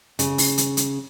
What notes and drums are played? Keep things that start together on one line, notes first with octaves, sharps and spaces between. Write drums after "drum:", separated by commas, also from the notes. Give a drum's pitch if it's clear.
C#3, drum: hi-hat
drum: open hi-hat
drum: hi-hat
drum: hi-hat